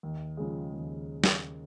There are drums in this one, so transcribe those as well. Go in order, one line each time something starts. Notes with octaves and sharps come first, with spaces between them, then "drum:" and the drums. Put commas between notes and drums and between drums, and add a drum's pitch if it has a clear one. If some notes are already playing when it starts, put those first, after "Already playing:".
D#2
C#3 F3 G#3
D#2
drum: snare